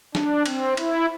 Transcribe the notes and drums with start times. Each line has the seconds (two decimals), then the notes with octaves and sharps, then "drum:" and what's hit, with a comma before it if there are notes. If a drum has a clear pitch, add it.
0.15 D4, drum: snare
0.46 C4, drum: cymbal
0.77 E4, drum: cymbal